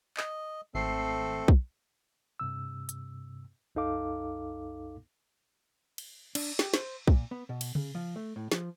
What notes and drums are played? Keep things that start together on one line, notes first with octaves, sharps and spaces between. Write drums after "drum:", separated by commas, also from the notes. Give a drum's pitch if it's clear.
D#5, drum: clap
G#1 A3 C4 A4 C7
drum: kick
G2 C3 E6
drum: hi-hat
C2 F#2 D#4 A4 F5 D6
drum: cymbal
D4, drum: cymbal
G4, drum: snare
C5, drum: snare
A#2, drum: kick
B3
B2
drum: cymbal
C#3, drum: tom C#3
F3
A3
A2
F3, drum: snare